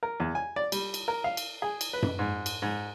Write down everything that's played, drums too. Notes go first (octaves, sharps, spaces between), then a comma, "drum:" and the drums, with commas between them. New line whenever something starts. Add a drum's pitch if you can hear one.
A#4
E2
G#5
D5
G3, drum: cymbal
drum: cymbal
A#4
F5
drum: cymbal
G#4
drum: cymbal
B4
drum: tom F#2
G#2
drum: cymbal
G#2